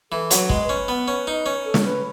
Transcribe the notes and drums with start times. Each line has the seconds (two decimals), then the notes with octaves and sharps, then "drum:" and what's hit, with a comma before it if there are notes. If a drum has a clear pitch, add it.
0.11 E3 A4
0.31 F#3, drum: hi-hat
0.36 B4
0.50 G#3, drum: kick
0.63 B4
0.69 C#4
0.88 B3
1.08 C#4
1.27 D#4
1.46 C#4
1.65 A4
1.74 drum: snare
1.84 B4